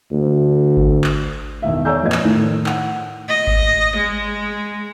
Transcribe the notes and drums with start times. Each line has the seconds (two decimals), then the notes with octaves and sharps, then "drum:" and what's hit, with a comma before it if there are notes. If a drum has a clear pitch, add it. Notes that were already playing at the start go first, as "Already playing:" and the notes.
0.11 D2
0.77 drum: kick G#1
1.04 drum: clap
1.62 E1 D#3 E5
1.85 C#5 D5 G#5 A#5 E6 G6
2.03 F2 A#2 B4 D#5 G#6
2.12 drum: clap
2.23 A2 D#3 A3
2.66 F#5, drum: clap
3.29 D#5
3.47 drum: kick G#1
3.96 G#3